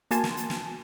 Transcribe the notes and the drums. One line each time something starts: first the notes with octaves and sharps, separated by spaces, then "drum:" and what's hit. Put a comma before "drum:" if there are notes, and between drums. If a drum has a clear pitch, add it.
A#3 F#4 G#5 A5 C6, drum: hi-hat
drum: snare
drum: hi-hat
drum: snare